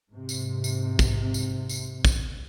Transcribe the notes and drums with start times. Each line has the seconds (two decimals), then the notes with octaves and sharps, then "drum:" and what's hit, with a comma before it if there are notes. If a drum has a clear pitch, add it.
0.11 G#2 C3
0.29 drum: tambourine
0.64 drum: tambourine
0.99 drum: kick, tambourine
1.34 drum: tambourine
1.69 drum: tambourine
2.05 drum: kick, tambourine